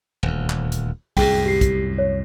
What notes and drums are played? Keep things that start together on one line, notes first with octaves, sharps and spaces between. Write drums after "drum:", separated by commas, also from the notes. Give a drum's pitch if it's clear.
D#1 D2
drum: clap
drum: hi-hat
C2 F#2 A2 G#4 G5, drum: kick, open hi-hat
G4 C7
drum: kick, hi-hat
C#5